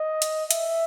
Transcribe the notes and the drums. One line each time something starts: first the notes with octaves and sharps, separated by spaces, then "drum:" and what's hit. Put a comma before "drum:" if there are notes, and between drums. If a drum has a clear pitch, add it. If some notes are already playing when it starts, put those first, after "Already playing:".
Already playing: D#5
drum: hi-hat
E5, drum: hi-hat